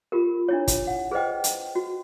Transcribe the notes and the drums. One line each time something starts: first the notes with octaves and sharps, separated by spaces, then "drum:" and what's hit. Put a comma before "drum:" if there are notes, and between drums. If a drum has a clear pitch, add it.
F4 G4 A#4
D4 E4 C#5
drum: kick, hi-hat
F#5
G#4 B4 C5 D#5 G5
drum: hi-hat
F#4